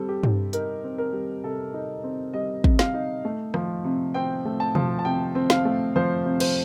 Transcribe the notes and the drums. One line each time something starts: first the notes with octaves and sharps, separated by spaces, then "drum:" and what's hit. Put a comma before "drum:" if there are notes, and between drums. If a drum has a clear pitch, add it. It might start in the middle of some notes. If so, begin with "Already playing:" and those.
Already playing: G3 C4 A4
G4
C3, drum: tom G2
D#4 A#4, drum: hi-hat
C4
A#4
G3
C3 A4
D#4
C4
G3 D#5
C3, drum: kick
F5, drum: snare
D#4
A3
F3, drum: rim click
C3
C4 G5
A3
A5
F3, drum: tom B2
A5
C3 G5
C4
F5, drum: snare
A3
F3 C5
C3
C5, drum: cymbal